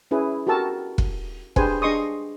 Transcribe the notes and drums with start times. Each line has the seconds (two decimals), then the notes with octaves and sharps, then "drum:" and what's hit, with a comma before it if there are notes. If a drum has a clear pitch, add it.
0.11 C#4 E4 G#4 B4
0.47 F#4 G4 A4 A#4 A5 E6
0.98 drum: kick F1
1.56 D4 G4 G#4 B4 C5 G#5, drum: kick F1
1.82 D4 G#4 D#5 C6 C#6 D#6